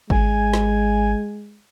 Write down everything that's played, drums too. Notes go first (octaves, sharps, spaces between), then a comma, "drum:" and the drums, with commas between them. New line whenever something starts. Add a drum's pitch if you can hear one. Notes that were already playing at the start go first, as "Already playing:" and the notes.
G#1 G#3 G#5, drum: kick
drum: snare